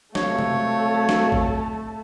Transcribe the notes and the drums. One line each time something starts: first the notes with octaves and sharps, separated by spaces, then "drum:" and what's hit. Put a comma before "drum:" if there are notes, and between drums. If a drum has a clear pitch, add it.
C3 F#3 A3 A4 C#5 F5 A5, drum: snare
drum: tom C3
drum: snare
drum: kick G#1